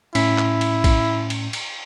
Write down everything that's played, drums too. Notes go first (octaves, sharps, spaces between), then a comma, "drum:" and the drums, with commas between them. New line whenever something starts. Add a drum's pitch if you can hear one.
A2 C#4 E4 B6, drum: cymbal
drum: clap
drum: cymbal
drum: kick, cymbal
drum: cymbal
drum: cymbal